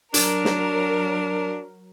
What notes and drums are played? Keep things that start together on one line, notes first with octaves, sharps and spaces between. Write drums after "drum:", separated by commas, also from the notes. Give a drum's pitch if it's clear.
F#3 D4 A#4, drum: hi-hat
drum: snare